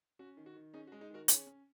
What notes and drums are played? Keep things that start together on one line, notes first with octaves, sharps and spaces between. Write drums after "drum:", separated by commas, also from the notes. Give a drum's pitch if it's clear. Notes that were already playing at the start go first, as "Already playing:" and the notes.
C#4 F#4
D#3
F#4
D#3
C#4 D#4 G#4
F#4
G#3
D#4 G#4
D#3 F#4 A#4
C#4 G#4 C#5, drum: hi-hat
C#4